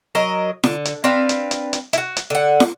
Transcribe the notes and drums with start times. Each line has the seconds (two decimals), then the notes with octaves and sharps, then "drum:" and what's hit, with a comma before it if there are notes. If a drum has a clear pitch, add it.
0.15 F#3 A#4 D#5
0.64 D3, drum: snare
0.85 drum: hi-hat
1.04 C4 D4 B4 F5
1.29 drum: hi-hat
1.51 drum: hi-hat
1.73 drum: hi-hat
1.93 E4 F#4, drum: hi-hat
2.16 drum: hi-hat
2.30 D3 F#5
2.60 drum: snare